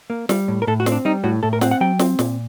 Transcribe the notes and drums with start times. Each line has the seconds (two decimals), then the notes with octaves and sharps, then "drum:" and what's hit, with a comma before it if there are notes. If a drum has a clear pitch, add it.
0.10 A#3
0.29 G3, drum: snare
0.48 A2
0.62 A#4
0.67 A2 A4
0.80 F#4
0.86 C4, drum: snare
0.92 D4
1.05 G3 D#4
1.24 A2 F#4
1.43 A2 A4
1.53 A#4
1.61 C4 F#5, drum: snare
1.71 F#5
1.81 F#3 G5
1.99 C4, drum: snare
2.19 A#2, drum: snare